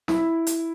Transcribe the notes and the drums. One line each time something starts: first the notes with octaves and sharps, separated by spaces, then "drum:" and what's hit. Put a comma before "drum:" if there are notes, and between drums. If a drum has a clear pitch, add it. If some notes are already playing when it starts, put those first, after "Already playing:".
E4, drum: snare
drum: hi-hat